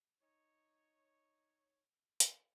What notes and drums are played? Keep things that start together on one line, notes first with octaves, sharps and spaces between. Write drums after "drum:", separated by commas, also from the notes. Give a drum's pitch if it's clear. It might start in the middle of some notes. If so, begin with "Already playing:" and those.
D#4 C#5
drum: hi-hat